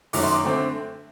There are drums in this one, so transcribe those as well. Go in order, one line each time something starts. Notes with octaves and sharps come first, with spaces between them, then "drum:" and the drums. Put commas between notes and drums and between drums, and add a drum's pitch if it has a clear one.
F#2 D#3 F#3 A3 D6, drum: open hi-hat
C6
D6
D3 A3 C4